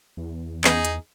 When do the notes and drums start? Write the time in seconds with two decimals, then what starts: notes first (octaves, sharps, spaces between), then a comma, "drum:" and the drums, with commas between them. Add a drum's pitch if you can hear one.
0.17 E2
0.64 E3 B3 C#4 D#4 G#4, drum: clap
0.85 drum: hi-hat